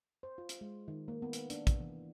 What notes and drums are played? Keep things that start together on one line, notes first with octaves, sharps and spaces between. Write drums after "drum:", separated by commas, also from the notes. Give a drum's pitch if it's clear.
C5
F4
drum: hi-hat
G#3
D#3
A#3
B3
drum: hi-hat
D4, drum: hi-hat
drum: kick, hi-hat
E3